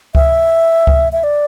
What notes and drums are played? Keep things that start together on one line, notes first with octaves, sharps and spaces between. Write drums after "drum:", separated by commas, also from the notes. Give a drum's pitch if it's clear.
E5, drum: kick C#2
drum: kick C#2
E5
D5